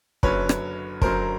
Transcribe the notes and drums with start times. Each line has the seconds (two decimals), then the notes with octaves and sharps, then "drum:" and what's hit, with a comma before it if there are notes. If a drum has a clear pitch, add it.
0.23 F#1 F#2 D3 F#3 B4 C#5, drum: kick
0.49 drum: rim click
1.02 F#1 F#2 D3 F#3 A#4 C5, drum: kick